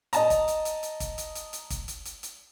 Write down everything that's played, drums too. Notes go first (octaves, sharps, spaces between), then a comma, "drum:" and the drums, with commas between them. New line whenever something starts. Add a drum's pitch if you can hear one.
D#5 A5 A#5, drum: hi-hat
drum: kick, hi-hat
drum: hi-hat
drum: hi-hat
drum: hi-hat
drum: kick, hi-hat
drum: hi-hat
drum: hi-hat
drum: hi-hat
drum: kick, hi-hat
drum: hi-hat
drum: hi-hat
drum: hi-hat